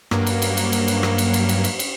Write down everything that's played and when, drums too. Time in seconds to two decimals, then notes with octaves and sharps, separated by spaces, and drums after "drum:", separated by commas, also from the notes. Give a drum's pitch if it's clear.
0.11 G2 F#3 A#3, drum: rim click
0.27 drum: cymbal
0.42 drum: cymbal
0.57 drum: cymbal
0.72 drum: cymbal
0.88 drum: cymbal
1.03 drum: rim click
1.18 drum: cymbal
1.34 drum: cymbal
1.49 drum: cymbal
1.64 drum: cymbal
1.79 drum: cymbal